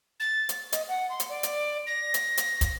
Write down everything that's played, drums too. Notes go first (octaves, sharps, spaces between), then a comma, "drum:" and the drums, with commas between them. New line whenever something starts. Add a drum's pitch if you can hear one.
A6
drum: hi-hat
D#5, drum: hi-hat
F#5
C6
drum: hi-hat
D5
drum: hi-hat
A#6
drum: hi-hat
drum: hi-hat
drum: kick, hi-hat